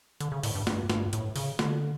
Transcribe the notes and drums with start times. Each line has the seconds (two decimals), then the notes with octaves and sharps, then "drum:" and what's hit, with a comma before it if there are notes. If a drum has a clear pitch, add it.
0.20 D3, drum: hi-hat
0.32 C#3
0.43 A2, drum: open hi-hat
0.55 G2
0.67 G2, drum: snare
0.90 G2, drum: snare
1.13 A2, drum: hi-hat
1.36 C#3, drum: open hi-hat
1.59 D3, drum: snare